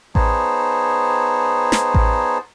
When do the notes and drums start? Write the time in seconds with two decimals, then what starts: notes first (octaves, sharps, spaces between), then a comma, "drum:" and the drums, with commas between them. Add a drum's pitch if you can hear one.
0.15 B3 D#4 G#4 C5 C#5 A5, drum: kick A1
1.72 drum: snare
1.94 drum: kick A1